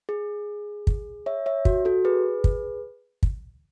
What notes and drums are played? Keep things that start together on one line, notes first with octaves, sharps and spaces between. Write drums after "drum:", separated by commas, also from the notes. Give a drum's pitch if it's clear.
G#4
drum: kick
C#5 E5
C#5 E5
F#4, drum: kick
F#4 A4
G#4 B4
drum: kick
drum: kick